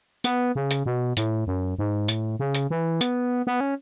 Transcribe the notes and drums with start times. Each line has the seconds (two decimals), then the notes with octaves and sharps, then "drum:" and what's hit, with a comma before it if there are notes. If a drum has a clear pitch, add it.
0.24 B3, drum: hi-hat
0.56 C#3
0.71 drum: hi-hat
0.86 B2
1.17 A2, drum: hi-hat
1.47 F#2
1.79 G#2
2.08 A2, drum: hi-hat
2.40 C#3
2.55 drum: hi-hat
2.70 E3
3.01 B3, drum: hi-hat
3.47 B3
3.60 C#4